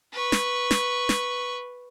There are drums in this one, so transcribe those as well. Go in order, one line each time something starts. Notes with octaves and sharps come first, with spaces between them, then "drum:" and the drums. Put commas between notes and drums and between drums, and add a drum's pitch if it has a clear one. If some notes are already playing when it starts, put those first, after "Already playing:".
B4 C#6
drum: snare
drum: snare
drum: snare